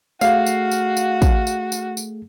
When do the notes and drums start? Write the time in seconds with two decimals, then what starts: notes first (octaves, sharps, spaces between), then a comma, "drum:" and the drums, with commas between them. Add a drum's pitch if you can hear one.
0.21 A3 F#4 G#4 F5, drum: tambourine
0.46 drum: tambourine
0.72 drum: tambourine
0.97 drum: tambourine
1.22 drum: kick, tambourine
1.47 drum: tambourine
1.72 drum: tambourine
1.97 drum: tambourine